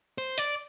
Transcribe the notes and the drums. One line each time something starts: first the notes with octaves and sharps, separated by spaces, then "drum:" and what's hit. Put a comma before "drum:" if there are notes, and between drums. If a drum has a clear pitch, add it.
C5
D5, drum: hi-hat